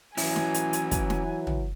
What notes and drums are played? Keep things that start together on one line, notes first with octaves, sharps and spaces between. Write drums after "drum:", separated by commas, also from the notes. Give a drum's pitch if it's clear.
E3 F#3 C#4 E4 G#5, drum: open hi-hat
drum: snare
drum: hi-hat
drum: hi-hat
drum: kick, hi-hat
drum: snare
drum: tom